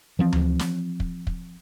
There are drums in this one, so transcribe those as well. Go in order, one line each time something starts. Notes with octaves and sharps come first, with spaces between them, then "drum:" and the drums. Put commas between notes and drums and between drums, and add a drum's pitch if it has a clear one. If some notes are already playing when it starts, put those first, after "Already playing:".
E3 F3 C4
drum: tom D2
drum: snare
drum: kick
drum: kick